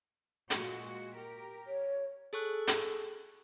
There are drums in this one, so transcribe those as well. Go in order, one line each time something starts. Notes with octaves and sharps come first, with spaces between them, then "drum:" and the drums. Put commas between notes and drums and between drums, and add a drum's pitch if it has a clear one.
A#2 G#3 F#4, drum: hi-hat
G4 A#4
C#5
G#4 A4 C#6 F#6
drum: hi-hat